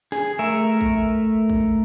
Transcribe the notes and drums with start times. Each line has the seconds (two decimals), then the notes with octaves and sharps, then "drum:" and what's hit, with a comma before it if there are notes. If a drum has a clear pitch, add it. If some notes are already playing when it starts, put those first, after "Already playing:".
0.12 G#4, drum: snare
0.39 A3 A#4 E5
0.81 drum: kick
1.50 drum: kick